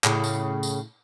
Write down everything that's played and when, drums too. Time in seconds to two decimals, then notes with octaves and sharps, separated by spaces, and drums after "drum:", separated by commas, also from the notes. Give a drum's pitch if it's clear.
0.04 A2 C#3, drum: clap
0.24 drum: tambourine
0.63 drum: tambourine